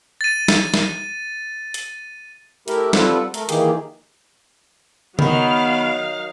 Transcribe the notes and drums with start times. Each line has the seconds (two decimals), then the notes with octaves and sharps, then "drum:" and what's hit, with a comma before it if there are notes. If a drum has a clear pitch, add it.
0.21 A6 D#7
0.48 drum: snare
0.74 drum: snare
1.74 drum: hi-hat
2.68 A3 E4 G4 A#4 E5, drum: hi-hat
2.93 G3 C4 F4 A4 B4 F#5, drum: snare
3.34 A3 A#4, drum: hi-hat
3.49 D#3 E3 A#3 G4 G#4, drum: hi-hat
5.19 D#3 F#3 B3 F5 B5, drum: tom C#3